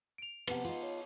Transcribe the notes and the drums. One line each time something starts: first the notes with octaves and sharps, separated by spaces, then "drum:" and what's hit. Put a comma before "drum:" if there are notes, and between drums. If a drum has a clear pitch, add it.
D7 F7
C3 F3 B3 B4 F#5, drum: cymbal
D#4 F4
C#5